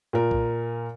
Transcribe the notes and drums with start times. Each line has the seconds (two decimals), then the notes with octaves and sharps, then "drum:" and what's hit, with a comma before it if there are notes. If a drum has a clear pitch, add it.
0.13 A#2 A#4
0.31 drum: kick